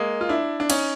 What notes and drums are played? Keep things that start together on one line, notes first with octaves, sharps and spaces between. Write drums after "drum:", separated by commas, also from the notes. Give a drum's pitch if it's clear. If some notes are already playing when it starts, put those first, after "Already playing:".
Already playing: G#3 A#3
F4
D4 E4
D4
C#4 D#4, drum: cymbal